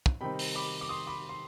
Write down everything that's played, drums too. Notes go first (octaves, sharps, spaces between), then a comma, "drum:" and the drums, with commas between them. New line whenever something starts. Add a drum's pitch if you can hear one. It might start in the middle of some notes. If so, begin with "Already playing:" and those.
drum: kick
C3 D#3 G3 C4 D#4 G5 B5
drum: open hi-hat
B5 D6
D6
C6 D#6
B5 D6
C6